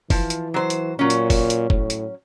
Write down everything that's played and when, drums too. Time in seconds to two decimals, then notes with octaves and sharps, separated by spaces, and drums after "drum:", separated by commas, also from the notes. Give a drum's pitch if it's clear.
0.10 E3 F3, drum: kick, open hi-hat
0.30 drum: hi-hat
0.54 F#3 C5
0.70 drum: hi-hat
0.99 A#2 F#3 C#4
1.10 drum: hi-hat
1.30 drum: kick, open hi-hat
1.50 drum: hi-hat
1.70 A2, drum: kick
1.90 drum: hi-hat